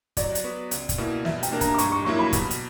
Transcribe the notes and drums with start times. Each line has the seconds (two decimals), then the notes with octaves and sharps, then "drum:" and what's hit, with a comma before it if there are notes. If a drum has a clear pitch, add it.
0.17 F#3 D5, drum: kick, hi-hat
0.35 drum: hi-hat
0.44 B3 F#4 B4
0.71 C#2, drum: hi-hat
0.89 drum: kick, hi-hat
0.98 B2 A#3 E4
1.25 B2 E5, drum: snare
1.43 G5, drum: hi-hat
1.52 A#3 D4 A#4
1.61 A#5, drum: kick, hi-hat
1.74 D6
1.78 G2 C#6, drum: hi-hat
1.92 C#6
2.05 F#3 A#3 E4 C#6
2.19 B5
2.33 B2, drum: kick, hi-hat
2.51 drum: hi-hat